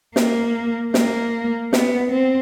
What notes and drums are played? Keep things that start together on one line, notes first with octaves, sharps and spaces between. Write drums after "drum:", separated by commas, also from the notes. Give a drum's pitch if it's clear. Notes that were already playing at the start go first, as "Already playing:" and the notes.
A#3, drum: snare
A#3, drum: snare
B3, drum: snare
C4